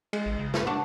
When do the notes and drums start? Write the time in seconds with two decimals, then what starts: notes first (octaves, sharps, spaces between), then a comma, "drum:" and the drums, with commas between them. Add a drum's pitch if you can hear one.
0.13 G#3, drum: cymbal
0.26 A1
0.39 C#3
0.54 G2 B3, drum: snare
0.67 D4 F#5 C#6